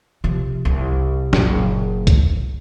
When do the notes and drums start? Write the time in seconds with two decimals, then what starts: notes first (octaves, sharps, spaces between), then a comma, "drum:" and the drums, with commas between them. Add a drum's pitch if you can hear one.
0.24 C3 F3
0.65 C2
1.33 F#1 A#2, drum: snare
2.07 drum: kick C2, hi-hat